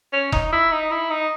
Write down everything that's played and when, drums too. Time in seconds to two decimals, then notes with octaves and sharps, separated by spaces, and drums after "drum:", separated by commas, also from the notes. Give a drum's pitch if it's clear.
0.13 C#4
0.32 D#4, drum: kick F1
0.52 E4
0.72 D#4
0.91 E4
1.10 D#4